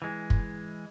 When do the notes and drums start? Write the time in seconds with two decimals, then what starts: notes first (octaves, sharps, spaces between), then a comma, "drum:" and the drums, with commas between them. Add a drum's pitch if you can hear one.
0.02 E3 G#3
0.30 drum: kick